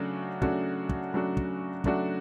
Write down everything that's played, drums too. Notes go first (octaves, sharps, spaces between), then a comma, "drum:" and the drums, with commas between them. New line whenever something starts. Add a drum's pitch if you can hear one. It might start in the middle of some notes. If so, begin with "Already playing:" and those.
Already playing: C#3 F#3 A3 D4 F#4
C#3 F#3 A3 D4 F#4, drum: kick
drum: kick
C#3 F#3 A3 D4 F#4
drum: kick
C#3 F#3 A3 D4 F#4, drum: kick